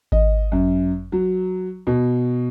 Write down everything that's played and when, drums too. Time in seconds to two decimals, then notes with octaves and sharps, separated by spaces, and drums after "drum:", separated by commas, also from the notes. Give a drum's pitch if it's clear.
0.12 D#5, drum: kick G#1
0.52 F#2
1.12 F#3
1.87 B2